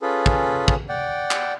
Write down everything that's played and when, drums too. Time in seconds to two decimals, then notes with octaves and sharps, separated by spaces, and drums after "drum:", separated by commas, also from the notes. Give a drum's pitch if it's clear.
0.02 C#4 F4 G#4 A4 B4
0.26 drum: kick
0.68 drum: kick
0.89 D5 F#5 G5
1.31 drum: clap